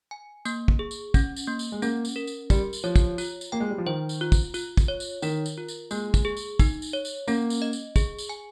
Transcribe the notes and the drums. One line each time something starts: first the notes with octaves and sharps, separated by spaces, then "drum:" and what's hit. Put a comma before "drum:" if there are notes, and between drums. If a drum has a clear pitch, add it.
G#5
A#3, drum: tambourine
drum: kick
G#4
drum: tambourine
C#4, drum: kick, tambourine
drum: tambourine
A#3
drum: tambourine
G#3
A#3 C#4, drum: tambourine
drum: tambourine
A#4
drum: tambourine
G3 G4, drum: kick, tambourine
drum: tambourine
F3 C#5
drum: kick, tambourine
F4, drum: tambourine
drum: tambourine
A#3 G5
G#3
G3
F3
D#3 C5
drum: tambourine
F4
drum: kick, tambourine
F4, drum: tambourine
drum: kick, tambourine
C#5
drum: tambourine
D#3 A#4, drum: tambourine
drum: tambourine
F4
drum: tambourine
G#3 A#3, drum: tambourine
drum: kick, tambourine
G#4
drum: tambourine
D#4, drum: kick, tambourine
drum: tambourine
C#5
drum: tambourine
A#3 C#4, drum: tambourine
drum: tambourine
D#5
drum: tambourine
G#4, drum: kick, tambourine
drum: tambourine
G#5